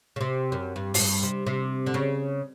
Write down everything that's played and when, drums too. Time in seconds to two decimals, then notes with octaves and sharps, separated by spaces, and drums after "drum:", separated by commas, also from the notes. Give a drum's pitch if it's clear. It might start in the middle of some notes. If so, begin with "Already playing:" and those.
0.16 C#3
0.21 C3
0.52 F#2
0.76 G2
0.94 G#2, drum: open hi-hat
0.99 G2
1.23 C3
1.47 C3
1.86 D3
1.94 C#3